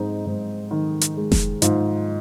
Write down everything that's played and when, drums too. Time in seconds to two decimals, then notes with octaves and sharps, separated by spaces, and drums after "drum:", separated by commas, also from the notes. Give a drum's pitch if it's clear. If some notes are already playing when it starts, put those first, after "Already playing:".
Already playing: G#2 G#3 C4 D#4
0.26 G#2
0.71 D#3
1.01 drum: hi-hat
1.17 G#3
1.32 drum: snare F1
1.62 G#2 F4, drum: hi-hat